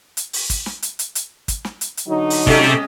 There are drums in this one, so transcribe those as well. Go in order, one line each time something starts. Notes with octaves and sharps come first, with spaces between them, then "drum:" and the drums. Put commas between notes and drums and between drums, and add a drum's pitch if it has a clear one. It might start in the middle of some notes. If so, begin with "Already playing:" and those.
drum: hi-hat
drum: open hi-hat
drum: kick, hi-hat
drum: snare
drum: hi-hat
drum: hi-hat
drum: hi-hat
drum: kick, hi-hat
drum: snare
drum: hi-hat
drum: hi-hat
D3 F#3 D#4
drum: open hi-hat
C3 G#3 C#4 G4 A4 D#5, drum: kick
drum: snare